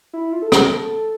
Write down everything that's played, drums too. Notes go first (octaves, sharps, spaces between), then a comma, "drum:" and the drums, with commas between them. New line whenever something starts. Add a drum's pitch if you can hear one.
E4
F4
A4
A#4, drum: rim click
A4